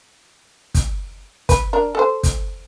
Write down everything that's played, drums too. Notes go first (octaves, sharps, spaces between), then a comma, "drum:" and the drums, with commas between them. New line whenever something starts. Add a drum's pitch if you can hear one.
drum: kick, hi-hat
B4, drum: kick, hi-hat
D4 A#4
A4 C5
drum: kick, hi-hat